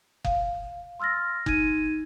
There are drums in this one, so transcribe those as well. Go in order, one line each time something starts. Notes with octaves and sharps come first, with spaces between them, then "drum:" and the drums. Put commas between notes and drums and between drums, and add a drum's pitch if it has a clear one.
F5, drum: kick F#1
C6 E6 F6 A6 A#6
D#4 G#6 D#7, drum: kick F#1